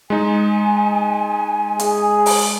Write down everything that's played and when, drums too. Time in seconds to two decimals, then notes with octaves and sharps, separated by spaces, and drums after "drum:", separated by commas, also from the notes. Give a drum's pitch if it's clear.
0.10 G#3 D#4 G#5
1.80 G#4, drum: hi-hat
2.26 drum: open hi-hat